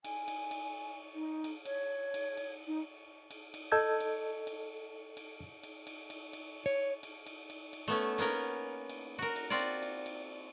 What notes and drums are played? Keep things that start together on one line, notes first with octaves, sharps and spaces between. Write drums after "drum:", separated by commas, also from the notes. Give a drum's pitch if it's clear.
G#5, drum: cymbal
drum: cymbal
drum: cymbal
D#4
drum: cymbal
C#5, drum: cymbal
drum: cymbal
drum: cymbal
D#4
drum: cymbal
drum: cymbal
A4 D#5 A5 E6 G6 G#6
drum: cymbal
drum: cymbal
drum: cymbal
drum: cymbal
drum: cymbal
drum: cymbal
drum: cymbal
C#5
drum: cymbal
drum: cymbal
drum: cymbal
drum: cymbal
A3 B3 C#4
A#3 B3 C#4 A#4, drum: cymbal
drum: cymbal
F#4 A#4
drum: cymbal
C4 F4 F#4 D5
drum: cymbal
drum: cymbal
drum: cymbal